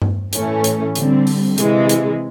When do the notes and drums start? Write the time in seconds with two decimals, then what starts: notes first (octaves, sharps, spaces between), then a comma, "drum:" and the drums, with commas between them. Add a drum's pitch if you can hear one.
0.02 drum: tom G2
0.33 A2 E3 A3 C#4, drum: hi-hat
0.64 drum: hi-hat
0.95 D3 G3 C4, drum: hi-hat
1.27 drum: open hi-hat
1.58 C3 E3 G#3, drum: hi-hat
1.89 drum: hi-hat